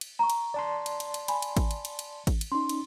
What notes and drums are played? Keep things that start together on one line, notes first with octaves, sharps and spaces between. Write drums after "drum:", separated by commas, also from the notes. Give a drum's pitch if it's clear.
drum: cymbal
A#5 C#6
drum: cymbal
D5 A5 C6
drum: cymbal
drum: cymbal
drum: cymbal
G#5 B5, drum: cymbal
drum: cymbal
drum: kick A1, cymbal
drum: cymbal
drum: cymbal
drum: cymbal
drum: kick A1, cymbal
drum: cymbal
C#4 D#4 C6
drum: cymbal